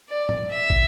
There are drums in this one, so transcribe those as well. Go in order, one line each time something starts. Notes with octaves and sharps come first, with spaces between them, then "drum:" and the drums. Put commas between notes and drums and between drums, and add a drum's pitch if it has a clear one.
D5
drum: tom A2
E5
drum: kick